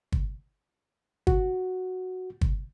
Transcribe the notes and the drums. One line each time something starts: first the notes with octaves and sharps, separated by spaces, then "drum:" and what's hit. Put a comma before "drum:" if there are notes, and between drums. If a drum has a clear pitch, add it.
drum: kick
F#4, drum: kick
drum: kick